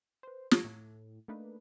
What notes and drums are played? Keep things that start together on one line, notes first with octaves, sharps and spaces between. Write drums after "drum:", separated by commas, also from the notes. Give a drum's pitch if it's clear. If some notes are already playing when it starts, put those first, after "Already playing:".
B4 C5
F3 C#4, drum: snare
A2
A3 A#3 D4 D#4 B4